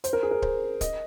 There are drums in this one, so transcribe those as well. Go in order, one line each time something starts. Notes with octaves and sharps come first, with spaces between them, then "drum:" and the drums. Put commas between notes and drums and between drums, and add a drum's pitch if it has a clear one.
C5, drum: hi-hat
A#4
G#4
A#4
C5, drum: kick D1
D#5, drum: kick D1, hi-hat